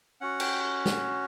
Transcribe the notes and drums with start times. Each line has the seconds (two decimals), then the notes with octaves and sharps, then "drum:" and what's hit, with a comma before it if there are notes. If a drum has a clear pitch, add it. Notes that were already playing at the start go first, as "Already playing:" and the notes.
0.21 C#4 F#4 F#5
0.40 G5, drum: cymbal
0.86 drum: snare